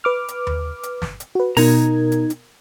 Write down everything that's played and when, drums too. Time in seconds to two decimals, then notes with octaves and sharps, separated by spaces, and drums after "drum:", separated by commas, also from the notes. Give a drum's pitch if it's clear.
0.04 B4 D6 F6
0.28 drum: hi-hat
0.47 drum: tom D#2
0.83 drum: hi-hat
1.02 drum: snare
1.20 drum: hi-hat
1.35 F#4 B4
1.57 B2 D#4 A#4 A#5 G#6, drum: open hi-hat
2.12 drum: hi-hat
2.30 drum: hi-hat